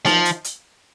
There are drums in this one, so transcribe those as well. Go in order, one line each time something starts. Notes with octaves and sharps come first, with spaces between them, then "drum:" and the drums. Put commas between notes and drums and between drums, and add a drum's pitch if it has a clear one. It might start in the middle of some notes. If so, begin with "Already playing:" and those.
F3, drum: snare D#4
drum: hi-hat
drum: hi-hat